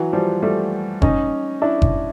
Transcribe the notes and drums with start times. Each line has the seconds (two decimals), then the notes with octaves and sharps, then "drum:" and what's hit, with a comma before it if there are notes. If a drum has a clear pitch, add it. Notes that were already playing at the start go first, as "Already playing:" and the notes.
Already playing: E3 F#3
0.13 F3 G3
0.42 G3 A3
1.02 C#4 D#4, drum: kick F#1
1.62 D4 E4
1.82 drum: kick F#1